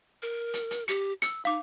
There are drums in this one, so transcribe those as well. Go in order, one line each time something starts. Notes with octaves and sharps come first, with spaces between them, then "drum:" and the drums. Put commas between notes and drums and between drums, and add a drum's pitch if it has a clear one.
A#4
drum: hi-hat
drum: hi-hat
G4 C#7, drum: hi-hat
E6 C#7, drum: hi-hat
D#4 F5 D6